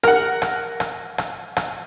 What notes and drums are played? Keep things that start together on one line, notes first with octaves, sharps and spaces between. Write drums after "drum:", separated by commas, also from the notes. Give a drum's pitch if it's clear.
A#4 F#5, drum: rim click
drum: rim click
drum: rim click
drum: rim click
drum: rim click